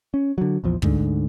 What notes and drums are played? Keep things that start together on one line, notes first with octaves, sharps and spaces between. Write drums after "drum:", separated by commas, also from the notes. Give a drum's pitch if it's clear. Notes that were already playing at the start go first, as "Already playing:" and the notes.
C#4
D3 F#3
A#1 E2 F3
D2 G#2 D3, drum: kick